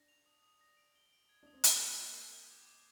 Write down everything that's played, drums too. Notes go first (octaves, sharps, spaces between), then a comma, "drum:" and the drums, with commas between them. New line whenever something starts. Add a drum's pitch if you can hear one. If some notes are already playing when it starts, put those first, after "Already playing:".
Already playing: D4 A#6
F7
D#6
D#6
A#6
D7
G7
D7
G#6
D4 D#6
C4
A#3 C7, drum: hi-hat
D#7
C7
C7
G6
D6
D6